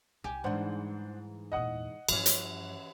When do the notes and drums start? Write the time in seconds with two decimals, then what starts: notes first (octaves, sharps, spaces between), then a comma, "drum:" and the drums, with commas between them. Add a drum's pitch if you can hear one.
0.24 C2 D#4 G4 G#5
0.44 G#2 E3 F#3 G3 D4 C5 F#5
1.52 E2 A#2 D#5 F#5 D#6
2.08 G2 E3 F3 C#4, drum: cymbal
2.26 drum: hi-hat